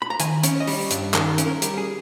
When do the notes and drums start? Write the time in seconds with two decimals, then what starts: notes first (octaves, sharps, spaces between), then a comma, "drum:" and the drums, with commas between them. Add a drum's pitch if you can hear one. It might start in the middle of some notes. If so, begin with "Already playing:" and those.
0.02 B5
0.10 A#5
0.20 D#3 G#5, drum: hi-hat
0.44 C#4, drum: hi-hat
0.60 D#5
0.67 G3 C#5, drum: open hi-hat
0.91 G2, drum: hi-hat
1.14 D#3 A#4, drum: clap
1.38 C#4, drum: hi-hat
1.46 A#4
1.62 G3, drum: hi-hat
1.78 G#4